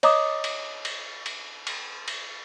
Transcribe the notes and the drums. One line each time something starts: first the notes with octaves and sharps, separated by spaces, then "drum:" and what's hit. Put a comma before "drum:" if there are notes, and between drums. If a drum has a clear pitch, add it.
C#5 D#5 A#5 D6 D#6, drum: cymbal
drum: cymbal
drum: cymbal
drum: cymbal
drum: cymbal
drum: cymbal